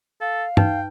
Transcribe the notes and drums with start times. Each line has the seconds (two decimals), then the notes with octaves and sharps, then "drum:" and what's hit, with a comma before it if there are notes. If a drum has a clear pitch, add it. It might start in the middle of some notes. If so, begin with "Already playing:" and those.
0.21 A4 F5
0.57 D#4 B4 G5, drum: tom G2